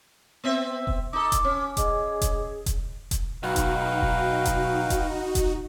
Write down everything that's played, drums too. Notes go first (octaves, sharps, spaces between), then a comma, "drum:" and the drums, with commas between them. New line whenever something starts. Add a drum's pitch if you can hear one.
B3 C4 E5
drum: kick E1
D#4 A4 D6
drum: kick E1, hi-hat
C#4 C#5
G#4 D#5 D6, drum: kick E1, hi-hat
drum: kick E1, hi-hat
drum: kick E1, hi-hat
drum: kick E1, hi-hat
B1 D#4 F#4 B4 F5 G5
drum: kick E1, hi-hat
drum: kick E1
drum: kick E1, hi-hat
drum: kick E1, hi-hat
drum: kick E1, hi-hat